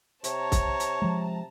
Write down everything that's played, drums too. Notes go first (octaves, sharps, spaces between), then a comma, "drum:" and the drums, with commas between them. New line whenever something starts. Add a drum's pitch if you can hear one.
C3 C#5 A5 A#5, drum: hi-hat
drum: kick, hi-hat
drum: hi-hat
F3 G#3